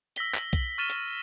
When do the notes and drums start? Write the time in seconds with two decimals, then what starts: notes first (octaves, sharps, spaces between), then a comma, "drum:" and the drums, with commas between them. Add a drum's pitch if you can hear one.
0.16 E6 A#6 B6 G7, drum: hi-hat
0.35 drum: clap
0.53 drum: kick B1, hi-hat
0.78 C#6 F6 A6 D#7 E7 G7
0.90 drum: hi-hat